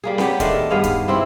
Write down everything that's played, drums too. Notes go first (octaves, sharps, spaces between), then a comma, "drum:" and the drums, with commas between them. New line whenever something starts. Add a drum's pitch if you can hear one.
G3 A#3 G#4
B3 G4 C#5, drum: snare C4
D#3 G#3 A3 D4, drum: kick, hi-hat
G2 B3 G#4 F5
drum: kick, hi-hat
C3 C4 E4